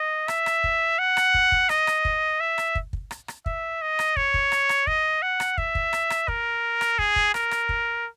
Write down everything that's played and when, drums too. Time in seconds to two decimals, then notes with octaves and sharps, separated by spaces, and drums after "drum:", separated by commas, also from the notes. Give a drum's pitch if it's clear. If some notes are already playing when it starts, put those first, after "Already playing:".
Already playing: D#5
0.28 E5, drum: rim click
0.46 drum: rim click
0.64 drum: kick
0.99 F#5
1.17 drum: rim click
1.34 drum: kick
1.52 drum: kick
1.69 D#5, drum: rim click
1.87 drum: rim click
2.05 drum: kick
2.40 E5
2.58 drum: rim click
2.75 drum: kick
2.93 drum: kick
3.11 drum: rim click
3.28 drum: rim click
3.46 E5, drum: kick
3.82 D#5
3.99 drum: rim click
4.17 C#5, drum: kick
4.34 drum: kick
4.52 drum: rim click
4.69 drum: rim click
4.87 D#5, drum: kick
5.22 F#5
5.40 drum: rim click
5.58 E5, drum: kick
5.75 drum: kick
5.93 drum: rim click
6.10 drum: rim click
6.28 A#4, drum: kick
6.81 drum: rim click
6.99 G#4, drum: kick
7.16 drum: kick
7.34 A#4, drum: rim click
7.51 drum: rim click
7.69 drum: kick